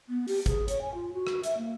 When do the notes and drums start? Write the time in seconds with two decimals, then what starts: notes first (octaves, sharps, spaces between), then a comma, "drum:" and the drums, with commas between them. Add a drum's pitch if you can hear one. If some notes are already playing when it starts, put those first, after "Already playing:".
0.09 B3
0.28 G4, drum: open hi-hat
0.46 G#4, drum: kick G#1, hi-hat
0.68 C#5, drum: hi-hat
0.81 G#5
0.94 F4
1.13 F#4
1.27 drum: rim click
1.43 E5, drum: hi-hat
1.57 A#3